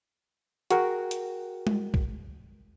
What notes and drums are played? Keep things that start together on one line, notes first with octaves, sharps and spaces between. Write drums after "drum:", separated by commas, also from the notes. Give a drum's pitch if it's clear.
F#4 G#4 A#4 F#5 G5, drum: hi-hat
drum: hi-hat
drum: tom G#3
drum: kick